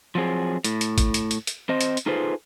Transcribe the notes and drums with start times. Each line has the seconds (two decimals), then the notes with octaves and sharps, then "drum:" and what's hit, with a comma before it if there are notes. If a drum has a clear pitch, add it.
0.15 F3 F#3 C4 G#4
0.64 A2, drum: hi-hat
0.81 drum: hi-hat
0.98 drum: kick, hi-hat
1.14 drum: hi-hat
1.31 drum: hi-hat
1.47 drum: hi-hat
1.69 C4 C5 D#5
1.81 drum: hi-hat
1.97 drum: hi-hat
2.06 D#4 F4 G#4 A4 B4 C5